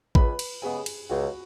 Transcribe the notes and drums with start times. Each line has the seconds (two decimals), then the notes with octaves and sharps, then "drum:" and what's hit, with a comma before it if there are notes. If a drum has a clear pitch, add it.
0.15 C#2 B4 B5, drum: kick A1
0.39 drum: cymbal
0.62 C#3 G#3 B3 G#4 G#5
0.86 drum: cymbal
1.09 C#2 F#4 F#5